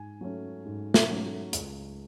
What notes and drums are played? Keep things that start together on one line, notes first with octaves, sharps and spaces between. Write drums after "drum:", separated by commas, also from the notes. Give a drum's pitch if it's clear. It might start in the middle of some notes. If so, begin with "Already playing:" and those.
Already playing: G#2 G#5
F#3 A3 C#4
G#2
drum: snare
F#3 A3 C#4
C#2, drum: hi-hat